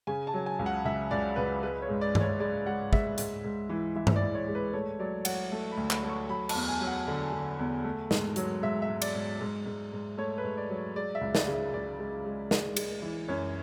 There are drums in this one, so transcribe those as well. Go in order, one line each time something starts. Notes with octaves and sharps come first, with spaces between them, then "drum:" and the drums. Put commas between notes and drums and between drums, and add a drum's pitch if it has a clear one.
C#3 G#5
A5
F#3
G#5
C#2
F#5
C#2 E5
C#2 D5
C#2 B4
G#3 B4
C#5
G#2
D5
G#3, drum: tom G2
C#5
G#3 D5
G#3 F#5
G#3 E5, drum: kick
G#2, drum: hi-hat
G#2
E3
E3 E5
drum: tom G2
D5
E3
C#5
G#3
B4
A3 C#5
F#3 D5
F#3 F#5, drum: cymbal
A3
B5
D2
B5, drum: clap
A3
C#6
F#3 B5
A5, drum: cymbal
E2
G#5
F#3
F#5
D3
D3
E2
A3
G#2, drum: snare
F#3, drum: hi-hat
G#2 E5
E5
G#2
D5, drum: cymbal
G#2
G#2
G#2
G#2
A3 C#5
B4
G#2
D5
F#3
G#3 D5
E5
C#2
D5, drum: snare
C#3
E5
C#2 D5
G#3
G#3
G#3, drum: snare
G#3, drum: cymbal
E3
F#2 C#5